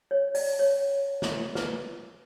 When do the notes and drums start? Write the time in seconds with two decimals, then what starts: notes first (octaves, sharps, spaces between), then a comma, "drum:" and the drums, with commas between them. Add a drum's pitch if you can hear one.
0.11 C#5
0.35 D5, drum: open hi-hat
0.59 C#5
1.22 drum: snare
1.55 B4, drum: snare